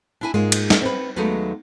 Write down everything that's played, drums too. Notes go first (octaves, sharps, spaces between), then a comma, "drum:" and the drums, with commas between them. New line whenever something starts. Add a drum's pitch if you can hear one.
D4 E4 G#5
G#2 G#3 A#3 F4
drum: cymbal
drum: snare
C4 B4
D#2 F#3 G#3 A3 B3 D#4